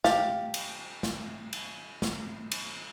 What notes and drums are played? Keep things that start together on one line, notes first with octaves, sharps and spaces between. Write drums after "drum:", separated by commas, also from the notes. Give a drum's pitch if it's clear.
G4 F5 A5, drum: snare
drum: cymbal
drum: snare
drum: cymbal
drum: snare
drum: cymbal